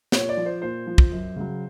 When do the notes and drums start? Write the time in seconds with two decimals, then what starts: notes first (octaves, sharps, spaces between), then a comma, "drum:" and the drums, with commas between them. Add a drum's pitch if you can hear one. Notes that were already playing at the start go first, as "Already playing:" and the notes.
0.12 A#2 C#5, drum: snare
0.29 D5
0.37 F3
0.46 C5
0.62 A#2 C5
0.87 F3
0.98 drum: kick
1.12 F#2
1.36 C#3 F#3